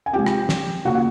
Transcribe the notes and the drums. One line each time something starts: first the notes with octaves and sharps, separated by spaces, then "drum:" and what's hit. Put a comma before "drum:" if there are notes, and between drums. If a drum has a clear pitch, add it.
G#5
C3 F3 G#3 G4 G5
drum: rim click
drum: snare
C#3 F3 A#3 F#4 F#5
F#5